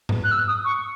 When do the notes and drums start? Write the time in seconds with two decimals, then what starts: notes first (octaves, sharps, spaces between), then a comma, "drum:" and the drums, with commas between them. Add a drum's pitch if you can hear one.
0.09 drum: tom G#2
0.24 F#6
0.31 E6
0.48 D#6
0.65 C#6